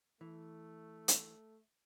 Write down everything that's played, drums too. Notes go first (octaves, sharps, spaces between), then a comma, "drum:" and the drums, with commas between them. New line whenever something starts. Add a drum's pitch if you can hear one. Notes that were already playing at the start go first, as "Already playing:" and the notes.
E3 A3
drum: hi-hat